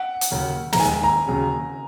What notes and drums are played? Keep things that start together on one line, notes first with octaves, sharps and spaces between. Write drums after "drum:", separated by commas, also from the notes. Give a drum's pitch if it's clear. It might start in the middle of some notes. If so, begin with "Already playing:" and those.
Already playing: F#5
drum: hi-hat
D#2 C#3 F#3 C#4 A#4
A#5, drum: snare
D#2 D#3 G#3 G#5
A#5
D#2 C#3 F#3 C#4 G#4